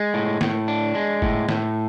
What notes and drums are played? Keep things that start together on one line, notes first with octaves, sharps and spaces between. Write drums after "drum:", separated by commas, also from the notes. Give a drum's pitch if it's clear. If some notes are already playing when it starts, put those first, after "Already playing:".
Already playing: G#3
A2
A2, drum: snare
D4
G#3
A2, drum: kick G1
A2, drum: snare